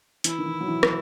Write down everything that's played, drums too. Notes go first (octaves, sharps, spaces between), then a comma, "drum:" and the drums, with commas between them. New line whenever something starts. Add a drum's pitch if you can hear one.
E3 E4, drum: hi-hat
D#3
E3
F#3
E3
drum: rim click